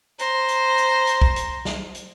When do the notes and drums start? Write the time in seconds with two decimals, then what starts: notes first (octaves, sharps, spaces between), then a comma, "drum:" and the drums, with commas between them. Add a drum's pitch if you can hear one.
0.19 C5 A#5, drum: hi-hat
0.48 drum: hi-hat
0.78 drum: hi-hat
1.07 drum: hi-hat
1.22 drum: kick
1.36 drum: hi-hat
1.65 drum: snare
1.95 drum: hi-hat